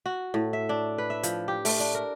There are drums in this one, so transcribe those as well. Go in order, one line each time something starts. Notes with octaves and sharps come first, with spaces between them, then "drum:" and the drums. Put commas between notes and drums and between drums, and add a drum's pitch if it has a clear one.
F#4
A2
E5
D4
B4
E5
F3, drum: hi-hat
G4
A3, drum: open hi-hat
D4
A#4